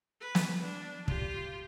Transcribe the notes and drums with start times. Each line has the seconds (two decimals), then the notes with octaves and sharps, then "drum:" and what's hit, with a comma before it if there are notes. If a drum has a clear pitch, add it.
0.21 B4
0.35 drum: snare
0.62 D4
1.08 F4 G4, drum: kick